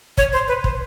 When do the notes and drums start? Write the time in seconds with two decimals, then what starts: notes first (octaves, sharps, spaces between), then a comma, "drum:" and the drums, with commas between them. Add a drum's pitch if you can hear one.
0.18 C#5, drum: kick
0.33 C5
0.48 B4
0.64 C5, drum: kick